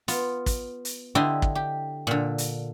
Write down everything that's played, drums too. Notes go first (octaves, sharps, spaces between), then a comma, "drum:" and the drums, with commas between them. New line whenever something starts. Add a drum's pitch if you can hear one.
B3 F4, drum: hi-hat
drum: kick, hi-hat
drum: hi-hat
D3 E4 G4 D#5 C6
drum: kick
G4
A#2 D3
drum: hi-hat